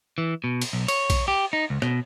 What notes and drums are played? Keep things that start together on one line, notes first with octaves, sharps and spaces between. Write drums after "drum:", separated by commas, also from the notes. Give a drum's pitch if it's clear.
E3
B2
drum: cymbal
B1
C#5, drum: cymbal
drum: kick, cymbal
G4
D#4
C#2
B2, drum: rim click